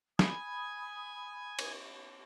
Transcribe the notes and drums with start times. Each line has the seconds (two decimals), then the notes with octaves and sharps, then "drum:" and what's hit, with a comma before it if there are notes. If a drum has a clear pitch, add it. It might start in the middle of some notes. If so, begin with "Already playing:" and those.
0.19 G#5 B5 D#6, drum: snare
1.59 drum: cymbal